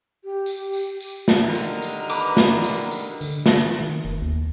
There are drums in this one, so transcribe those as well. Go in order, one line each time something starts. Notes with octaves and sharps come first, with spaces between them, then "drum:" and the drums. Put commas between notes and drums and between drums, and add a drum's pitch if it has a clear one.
G4
drum: tambourine
drum: tambourine
drum: tambourine
drum: snare
D3 D#3 G3 A#5
drum: tambourine
drum: tambourine
B4 D6, drum: tambourine
drum: snare
drum: tambourine
drum: tambourine
D3, drum: tambourine
drum: snare
D#3
F#1
D#2